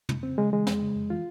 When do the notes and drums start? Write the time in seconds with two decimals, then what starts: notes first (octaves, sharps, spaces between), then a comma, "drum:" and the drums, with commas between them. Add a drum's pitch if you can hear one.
0.09 F2, drum: tom
0.23 C#3 C4
0.38 C#3 G#3
0.52 E3 G#3
0.67 F2, drum: snare
0.82 C#3
0.96 F2
1.10 E3 F4